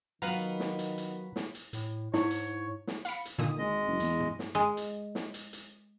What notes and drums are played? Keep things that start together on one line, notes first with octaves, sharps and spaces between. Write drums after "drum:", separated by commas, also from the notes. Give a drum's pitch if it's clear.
D#3 F#3 B3 F4 B4 F5 A#5, drum: hi-hat
drum: snare
drum: hi-hat
drum: hi-hat
drum: snare
drum: hi-hat
A2, drum: hi-hat
G#2 E4 C#5, drum: snare
drum: hi-hat
drum: snare
F5 B5 C#7, drum: hi-hat
drum: hi-hat
A#2 D3 D#3 D#6
G#1 G#3 D#5
F#1
E2, drum: hi-hat
drum: tom
drum: snare
G#3
drum: hi-hat
drum: snare
drum: hi-hat
drum: hi-hat